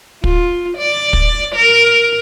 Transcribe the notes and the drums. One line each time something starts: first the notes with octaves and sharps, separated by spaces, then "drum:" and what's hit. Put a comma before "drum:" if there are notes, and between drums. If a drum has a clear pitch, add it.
F4, drum: kick
D5
drum: kick
A#4